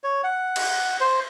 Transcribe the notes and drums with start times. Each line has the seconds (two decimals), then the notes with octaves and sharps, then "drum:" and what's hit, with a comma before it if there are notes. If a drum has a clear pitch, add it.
0.04 C#5
0.24 F#5
0.56 drum: cymbal
1.00 C5